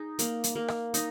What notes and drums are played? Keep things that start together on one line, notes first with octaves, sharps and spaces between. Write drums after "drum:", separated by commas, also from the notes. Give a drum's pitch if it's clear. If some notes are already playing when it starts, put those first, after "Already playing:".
Already playing: D#4 G#4
A#3, drum: hi-hat
drum: hi-hat
A#3
drum: rim click
D#4, drum: hi-hat